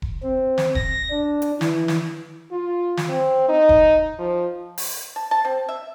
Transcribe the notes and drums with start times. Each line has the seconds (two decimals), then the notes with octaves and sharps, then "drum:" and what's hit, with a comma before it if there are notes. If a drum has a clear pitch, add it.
0.02 drum: kick E1
0.23 C4
0.58 drum: snare
0.75 A#6, drum: kick E1
1.11 D4
1.42 drum: hi-hat
1.61 E3, drum: snare
1.88 drum: snare
2.52 F4
2.97 drum: snare
3.08 C4
3.49 D#4
3.69 drum: kick E1
4.19 F3
4.78 drum: open hi-hat
5.16 A5
5.31 A5
5.45 C4
5.69 E5